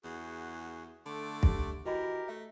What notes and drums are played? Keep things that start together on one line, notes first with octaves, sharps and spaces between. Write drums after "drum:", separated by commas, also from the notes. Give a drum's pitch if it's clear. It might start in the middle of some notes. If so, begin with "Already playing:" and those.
E2 F#4 G#4
D3 A3 D6
G4, drum: kick
E3 F#4 G4 A#4 D#5 B5
A3 E5